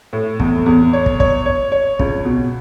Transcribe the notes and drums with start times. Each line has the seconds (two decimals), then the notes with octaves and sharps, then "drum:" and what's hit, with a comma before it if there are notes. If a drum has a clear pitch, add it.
0.13 A2
0.40 E2, drum: kick
0.66 E2
0.93 C#5
1.06 drum: kick
1.20 C#5, drum: kick
1.46 C#5
1.72 C#5
1.99 C#2, drum: kick
2.25 B2